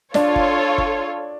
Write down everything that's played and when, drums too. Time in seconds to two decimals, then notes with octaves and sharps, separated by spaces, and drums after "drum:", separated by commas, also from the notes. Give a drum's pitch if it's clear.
0.14 D4 F4 A4 C#5, drum: snare
0.36 drum: kick G1
0.78 drum: kick G1